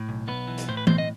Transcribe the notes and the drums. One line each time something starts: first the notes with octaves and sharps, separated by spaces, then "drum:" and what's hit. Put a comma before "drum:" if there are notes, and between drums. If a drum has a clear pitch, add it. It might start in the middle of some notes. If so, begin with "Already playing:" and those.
Already playing: A2
B1
B1 B3 B4
E3
drum: hi-hat
A2 C5
B4
B1 C4 C5, drum: tom E3
D#5